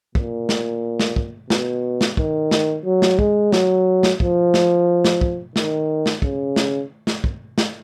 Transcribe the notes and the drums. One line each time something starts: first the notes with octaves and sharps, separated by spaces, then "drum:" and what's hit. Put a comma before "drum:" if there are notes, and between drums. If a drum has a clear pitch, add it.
A#2, drum: kick
drum: snare
drum: snare
drum: kick
B2, drum: snare
drum: snare
D#3, drum: kick
drum: snare
F#3
drum: snare
G#3, drum: kick
F#3, drum: snare
drum: snare
F3, drum: kick
drum: snare
drum: snare
drum: kick
D#3, drum: snare
drum: snare
C#3, drum: kick
drum: snare
drum: snare
drum: kick
drum: snare